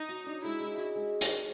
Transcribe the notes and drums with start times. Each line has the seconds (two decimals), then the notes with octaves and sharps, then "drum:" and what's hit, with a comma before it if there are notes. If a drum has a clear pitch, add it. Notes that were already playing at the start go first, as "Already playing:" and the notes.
Already playing: D#4
0.09 F#4
0.26 D4
0.43 G#3 E4
0.60 G#3
0.78 F#4
0.95 G#3
1.21 drum: hi-hat